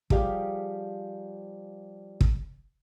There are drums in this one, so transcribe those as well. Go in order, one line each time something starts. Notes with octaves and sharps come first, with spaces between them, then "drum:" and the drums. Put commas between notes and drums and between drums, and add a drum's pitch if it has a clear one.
F3 G3 G4 G#4 F5, drum: kick
drum: kick